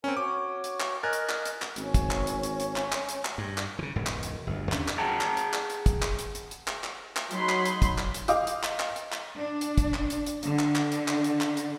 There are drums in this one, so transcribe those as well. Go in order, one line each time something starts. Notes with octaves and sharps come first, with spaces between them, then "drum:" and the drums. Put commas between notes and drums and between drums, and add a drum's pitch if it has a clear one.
C4 C#4 A#4 G#5
F#4 C#5 D6
drum: hi-hat
drum: clap
A#4 D#5 G#5 F6 F#6 A6
drum: hi-hat
drum: clap
drum: hi-hat
drum: clap
G#1 C#4, drum: hi-hat
drum: kick, hi-hat
drum: clap
drum: hi-hat
drum: hi-hat
drum: hi-hat
drum: clap
drum: clap
drum: hi-hat
drum: clap
G2
drum: clap
C#3 E3
E1 C#2 G#2
drum: clap
drum: hi-hat
G1 D2
D#2 D3 C#4 D4, drum: clap
drum: clap
G#4 F#5 G5 A5 A#5
drum: clap
drum: hi-hat
drum: clap
drum: hi-hat
drum: kick, hi-hat
drum: clap
drum: hi-hat
drum: hi-hat
drum: hi-hat
drum: clap
drum: clap
drum: clap
F#3 D#4 B5 C6, drum: hi-hat
drum: clap
drum: hi-hat
drum: kick, hi-hat
drum: clap
drum: hi-hat
D#5 F5 D6 D#6 G6, drum: hi-hat
drum: hi-hat
drum: clap
drum: clap
drum: hi-hat
drum: clap
D4
drum: hi-hat
drum: kick, hi-hat
drum: clap
drum: hi-hat
drum: hi-hat
D3, drum: hi-hat
drum: clap
drum: clap
drum: hi-hat
drum: clap
drum: hi-hat
drum: clap
drum: hi-hat